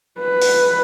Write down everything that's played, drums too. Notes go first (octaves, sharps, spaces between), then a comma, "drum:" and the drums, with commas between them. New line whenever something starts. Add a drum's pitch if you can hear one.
B4
drum: open hi-hat